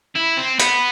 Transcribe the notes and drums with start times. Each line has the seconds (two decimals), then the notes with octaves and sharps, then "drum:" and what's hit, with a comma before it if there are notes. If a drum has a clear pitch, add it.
0.16 E4
0.37 C4
0.60 B3, drum: hi-hat